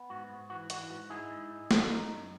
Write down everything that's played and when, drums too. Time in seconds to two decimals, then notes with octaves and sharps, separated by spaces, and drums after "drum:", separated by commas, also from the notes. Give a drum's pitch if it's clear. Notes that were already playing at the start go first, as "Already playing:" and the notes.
Already playing: B3
0.10 G#2 F#4
0.30 G#2
0.50 E3 F#4
0.70 E3 F#4, drum: hi-hat
0.90 G#2 F#4
1.10 D#4 E4 G#4
1.31 G#2
1.51 D#4
1.71 E3, drum: snare
1.91 D#4
2.11 F#2